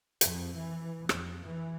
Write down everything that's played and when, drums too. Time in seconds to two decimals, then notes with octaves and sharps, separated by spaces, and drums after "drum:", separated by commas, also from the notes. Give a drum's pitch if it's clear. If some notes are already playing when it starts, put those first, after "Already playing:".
0.21 F2, drum: hi-hat
0.56 E3
1.09 F2, drum: rim click
1.45 E3